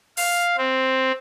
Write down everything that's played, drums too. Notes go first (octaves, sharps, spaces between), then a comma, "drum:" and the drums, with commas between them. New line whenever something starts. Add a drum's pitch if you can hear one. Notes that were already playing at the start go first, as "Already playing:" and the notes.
F5, drum: open hi-hat
C4